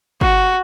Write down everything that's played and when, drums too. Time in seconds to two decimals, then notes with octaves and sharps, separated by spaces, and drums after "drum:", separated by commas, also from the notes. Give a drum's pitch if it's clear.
0.21 F#4, drum: kick